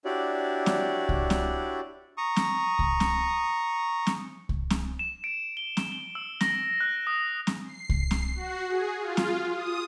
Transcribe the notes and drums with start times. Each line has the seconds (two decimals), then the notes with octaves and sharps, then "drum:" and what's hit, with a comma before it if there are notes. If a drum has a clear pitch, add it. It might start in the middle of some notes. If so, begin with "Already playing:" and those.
0.05 D4 E4 F#4 G4 C#5 D5
0.66 drum: snare C4
1.09 drum: kick C2
1.30 drum: snare C4
2.18 A#5 C#6 D#6
2.36 drum: snare C4
2.79 drum: kick C2
3.00 drum: snare C4
4.07 drum: snare C4
4.49 drum: kick C2
4.70 drum: snare C4
4.99 E7
5.24 D7
5.57 G7
5.77 drum: snare C4
5.92 G7
6.15 E6
6.41 A#6, drum: snare C4
6.80 F#6
7.07 D#6
7.47 drum: snare C4
7.65 C7
7.89 drum: kick C2
8.11 drum: snare C4
8.35 F#4
8.69 G#4
8.99 F4
9.17 drum: snare C4
9.53 D#6